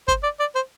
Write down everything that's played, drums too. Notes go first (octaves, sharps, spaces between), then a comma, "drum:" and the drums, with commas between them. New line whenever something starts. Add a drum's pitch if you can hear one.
C5, drum: kick
D5
D5
C5